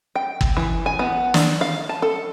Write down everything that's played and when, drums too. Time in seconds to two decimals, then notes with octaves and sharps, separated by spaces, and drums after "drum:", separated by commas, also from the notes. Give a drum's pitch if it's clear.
0.16 G5
0.41 drum: kick
0.57 E3
0.86 G#5
0.99 B3
1.34 D4, drum: snare
1.61 F5
1.89 A5
2.02 A4